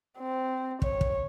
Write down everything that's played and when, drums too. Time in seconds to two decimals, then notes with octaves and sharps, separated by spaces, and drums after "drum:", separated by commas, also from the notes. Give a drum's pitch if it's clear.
0.19 C4
0.82 C#5, drum: kick
1.01 drum: kick